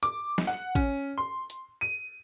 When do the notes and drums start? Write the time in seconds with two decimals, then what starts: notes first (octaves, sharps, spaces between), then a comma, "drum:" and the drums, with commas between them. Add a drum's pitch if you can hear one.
0.03 D6, drum: hi-hat
0.38 drum: snare
0.47 F#5
0.75 C#4, drum: kick A1, hi-hat
1.18 C6
1.50 drum: hi-hat
1.81 D#7